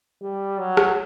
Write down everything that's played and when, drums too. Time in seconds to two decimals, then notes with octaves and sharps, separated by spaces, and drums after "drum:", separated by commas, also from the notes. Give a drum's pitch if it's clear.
0.22 G3
0.59 F#3
0.77 drum: rim click